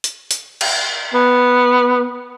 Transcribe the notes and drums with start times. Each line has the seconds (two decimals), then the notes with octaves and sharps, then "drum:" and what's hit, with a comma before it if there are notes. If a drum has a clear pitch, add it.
0.04 drum: hi-hat
0.31 drum: hi-hat
0.61 drum: cymbal
1.14 B3